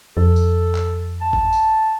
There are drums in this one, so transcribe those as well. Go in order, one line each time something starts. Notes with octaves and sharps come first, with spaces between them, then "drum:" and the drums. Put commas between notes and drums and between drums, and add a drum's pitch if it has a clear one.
F2 A4
drum: tambourine
drum: clap
A5
drum: kick G#1
drum: tambourine